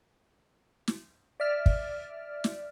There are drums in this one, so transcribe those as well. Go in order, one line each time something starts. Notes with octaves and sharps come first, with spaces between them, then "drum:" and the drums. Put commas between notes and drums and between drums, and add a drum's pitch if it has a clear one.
drum: snare
D5 E5 F6
drum: kick
drum: snare